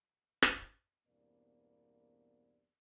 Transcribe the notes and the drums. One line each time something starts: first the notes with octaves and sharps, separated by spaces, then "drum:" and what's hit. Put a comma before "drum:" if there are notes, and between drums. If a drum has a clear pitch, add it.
drum: rim click
E2 G2 B2 A#3 C4 D5